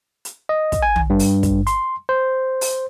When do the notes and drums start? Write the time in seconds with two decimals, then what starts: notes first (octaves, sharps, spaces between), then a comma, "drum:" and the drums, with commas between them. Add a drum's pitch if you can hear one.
0.25 drum: hi-hat
0.49 D#5
0.72 drum: kick, hi-hat
0.82 G#5
0.96 drum: tom
1.10 G2
1.19 drum: open hi-hat
1.43 drum: kick, hi-hat
1.67 C6, drum: hi-hat
2.09 C5
2.61 drum: open hi-hat